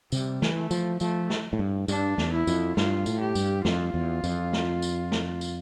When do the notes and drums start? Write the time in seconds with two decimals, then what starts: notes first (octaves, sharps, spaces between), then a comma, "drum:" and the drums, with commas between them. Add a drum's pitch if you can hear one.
0.12 C3 G3, drum: tambourine
0.42 E3, drum: snare
0.56 A3
0.71 F3, drum: tambourine
1.00 F3 A3, drum: tambourine
1.30 drum: snare
1.53 A2
1.59 G2
1.88 G2 D4, drum: tambourine
2.18 E2, drum: snare
2.33 E4
2.47 F2, drum: tambourine
2.77 G2 F4, drum: snare
3.06 A2, drum: tambourine
3.20 G4
3.35 G2, drum: tambourine
3.65 F2 F4, drum: snare
3.94 E2
4.24 F2, drum: tambourine
4.53 drum: snare
4.82 drum: tambourine
5.12 drum: snare
5.41 drum: tambourine